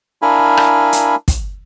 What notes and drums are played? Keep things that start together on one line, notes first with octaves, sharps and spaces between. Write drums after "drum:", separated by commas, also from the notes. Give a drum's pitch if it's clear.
D4 E4 A#4 F5 G#5 B5
drum: rim click
drum: hi-hat
drum: kick, hi-hat